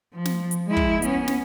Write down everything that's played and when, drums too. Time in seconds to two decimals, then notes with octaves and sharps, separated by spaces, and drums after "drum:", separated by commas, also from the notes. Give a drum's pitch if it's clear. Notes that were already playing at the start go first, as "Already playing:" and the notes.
0.13 F3
0.25 drum: snare
0.51 drum: hi-hat
0.67 G#3 E4
0.77 drum: kick
1.02 B3 C#4, drum: hi-hat
1.28 drum: snare